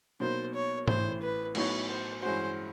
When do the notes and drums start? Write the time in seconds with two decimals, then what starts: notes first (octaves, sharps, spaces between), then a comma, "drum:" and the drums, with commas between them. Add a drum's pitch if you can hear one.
0.20 B2 F#3 A#3 D#4 C5
0.54 C#5
0.88 A1 A2 E3 C5, drum: tom G#2
1.22 B4
1.55 A2 F#3 B3 D#4 C#5, drum: cymbal
1.89 C5
2.22 G2 E3 G#3 C#4 F#4 C5